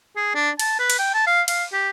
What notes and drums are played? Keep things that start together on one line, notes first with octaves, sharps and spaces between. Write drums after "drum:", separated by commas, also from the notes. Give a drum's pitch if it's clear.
G#4
D4
A5, drum: cymbal
B4
drum: cymbal
G5
A5
F5
F5, drum: cymbal
G4